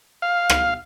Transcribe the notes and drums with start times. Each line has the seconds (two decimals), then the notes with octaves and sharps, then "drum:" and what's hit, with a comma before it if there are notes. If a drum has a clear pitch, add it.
0.22 F5
0.50 drum: rim click